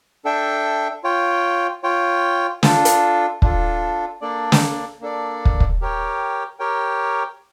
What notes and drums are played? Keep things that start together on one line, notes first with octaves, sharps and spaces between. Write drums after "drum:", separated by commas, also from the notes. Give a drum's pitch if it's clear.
D4 A4 E5 G5
F4 C#5 G5
F4 C#5 G5
D4 F4 A4, drum: snare
drum: hi-hat
D4 F4 A4, drum: kick
A#3 D4 A4 D5
drum: snare
A#3 D4 A4 D5
drum: kick
drum: kick
G4 A#4 C#5 G5
G4 A#4 C#5 G5